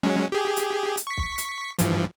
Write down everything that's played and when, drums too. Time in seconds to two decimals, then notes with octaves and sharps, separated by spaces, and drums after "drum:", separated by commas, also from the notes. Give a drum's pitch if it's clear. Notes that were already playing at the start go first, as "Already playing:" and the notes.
0.03 F#3 G#3 C#4
0.32 G4 G#4
0.56 drum: hi-hat
0.97 drum: hi-hat
1.07 C#6 B6
1.17 drum: kick
1.38 drum: hi-hat
1.79 G2 E3 F3, drum: hi-hat